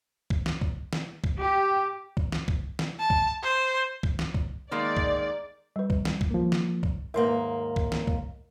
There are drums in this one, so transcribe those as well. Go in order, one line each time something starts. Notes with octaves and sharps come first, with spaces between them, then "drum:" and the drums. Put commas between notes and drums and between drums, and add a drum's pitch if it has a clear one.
drum: kick C2
drum: snare
drum: kick C2
drum: snare
drum: kick C2
G4
drum: kick C2
drum: snare
drum: kick C2
drum: snare
A5
drum: kick C2
C5
drum: kick C2
drum: snare
drum: kick C2
D#3 G#3 A#3 D5
drum: kick C2
G3 B4
drum: kick C2
drum: snare
drum: kick C2
F3 A#3
drum: snare
drum: kick C2
D#2 G#2 A#3 A#4 B4 E5 C6
drum: kick C2
drum: snare
drum: kick C2